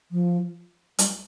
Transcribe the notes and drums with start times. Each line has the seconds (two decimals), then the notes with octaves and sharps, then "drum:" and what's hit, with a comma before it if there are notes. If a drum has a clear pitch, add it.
0.12 F3
0.99 G3, drum: hi-hat